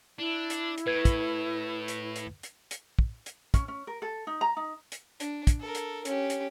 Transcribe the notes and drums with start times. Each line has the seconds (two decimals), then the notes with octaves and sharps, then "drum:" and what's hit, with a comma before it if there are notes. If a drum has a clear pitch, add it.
0.19 D4 E4
0.50 drum: hi-hat
0.78 drum: hi-hat
0.87 A2 B4 G#6
1.05 drum: kick, hi-hat
1.88 drum: hi-hat
2.16 drum: hi-hat
2.43 drum: hi-hat
2.71 drum: hi-hat
2.99 drum: kick
3.26 drum: hi-hat
3.54 C#4, drum: kick, hi-hat
3.68 C#4
3.87 A#4
4.02 A4
4.27 D#4
4.41 A#5
4.57 D#4
4.92 drum: hi-hat
5.20 D4, drum: hi-hat
5.47 drum: kick, hi-hat
5.60 A4 A#4
5.75 drum: hi-hat
6.05 C#4 G4, drum: hi-hat
6.30 drum: hi-hat